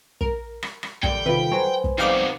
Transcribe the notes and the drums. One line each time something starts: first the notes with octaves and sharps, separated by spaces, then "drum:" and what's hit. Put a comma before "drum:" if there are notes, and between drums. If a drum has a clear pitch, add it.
A#4, drum: kick
drum: rim click
drum: rim click
E2 A#2 D3 G3 G5, drum: kick
C3 D#3 F4 B4
F#3 B4 C5 G#5
drum: kick
C3 F3 G3 A3 B3 D#4 F5 D6